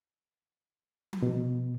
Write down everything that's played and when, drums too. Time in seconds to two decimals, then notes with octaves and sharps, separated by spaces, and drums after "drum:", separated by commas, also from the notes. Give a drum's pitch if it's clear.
1.13 drum: tom F3
1.22 B2